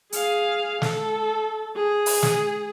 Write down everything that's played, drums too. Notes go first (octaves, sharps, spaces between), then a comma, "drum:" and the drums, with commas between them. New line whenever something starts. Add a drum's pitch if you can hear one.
G#4 F5, drum: hi-hat
A4, drum: snare
G#4
drum: open hi-hat
drum: snare